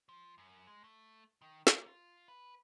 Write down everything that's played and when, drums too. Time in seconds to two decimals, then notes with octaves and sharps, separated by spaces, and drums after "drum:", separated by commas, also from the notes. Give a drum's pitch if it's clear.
0.09 F3
0.38 F#2
0.67 G#3
0.84 A3
1.42 D#3
1.67 A#3, drum: snare
1.87 F4
2.28 B4